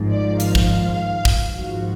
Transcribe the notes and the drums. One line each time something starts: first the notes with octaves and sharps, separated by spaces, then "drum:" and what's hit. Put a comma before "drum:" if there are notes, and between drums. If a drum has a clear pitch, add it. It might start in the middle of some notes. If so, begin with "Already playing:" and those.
Already playing: G#1 G#2 F3
D5
F5, drum: hi-hat
drum: kick
drum: kick
G#1 G#2 F3 F#4